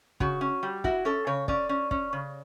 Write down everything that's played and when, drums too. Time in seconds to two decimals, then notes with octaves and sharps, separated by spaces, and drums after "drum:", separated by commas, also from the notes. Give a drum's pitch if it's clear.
0.20 C#3 F#4, drum: kick
0.41 C#4
0.63 G3
0.84 E4 F#4, drum: kick
1.05 C#4 A4
1.27 C#3 C#5
1.48 C#4 D5, drum: kick
1.69 C#4
1.91 C#4, drum: kick
2.13 C#3